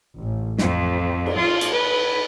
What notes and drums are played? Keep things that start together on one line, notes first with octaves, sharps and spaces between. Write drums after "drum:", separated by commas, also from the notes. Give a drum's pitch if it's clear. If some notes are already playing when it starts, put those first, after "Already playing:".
A1
F2, drum: snare
drum: cymbal
F4
drum: hi-hat
B4